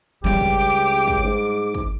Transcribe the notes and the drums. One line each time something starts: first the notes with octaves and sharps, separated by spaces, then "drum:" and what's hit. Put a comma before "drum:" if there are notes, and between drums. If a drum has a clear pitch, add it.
C#2 G3 D4 G4 D6
drum: kick
drum: kick
G#2
drum: kick